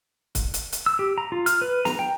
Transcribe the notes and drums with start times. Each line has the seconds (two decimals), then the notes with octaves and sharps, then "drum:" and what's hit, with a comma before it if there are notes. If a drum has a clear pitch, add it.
0.35 drum: kick, hi-hat
0.54 drum: hi-hat
0.72 drum: hi-hat
0.86 E6
0.99 G4
1.18 A#5
1.32 F4
1.46 F6, drum: hi-hat
1.62 B4
1.85 A#5, drum: snare
1.99 G5